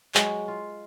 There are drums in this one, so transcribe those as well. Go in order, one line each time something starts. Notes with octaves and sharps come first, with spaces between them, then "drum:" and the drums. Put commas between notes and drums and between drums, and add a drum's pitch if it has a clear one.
F#3 G#3, drum: clap
F4